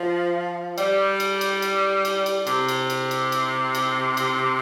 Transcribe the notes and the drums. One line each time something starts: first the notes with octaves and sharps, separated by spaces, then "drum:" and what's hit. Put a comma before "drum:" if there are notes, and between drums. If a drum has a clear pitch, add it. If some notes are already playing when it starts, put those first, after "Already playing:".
Already playing: F3
G3, drum: cymbal
drum: cymbal
drum: cymbal
drum: cymbal
drum: cymbal
drum: cymbal
C3, drum: cymbal
drum: cymbal
drum: cymbal
drum: cymbal
drum: cymbal
drum: cymbal
drum: cymbal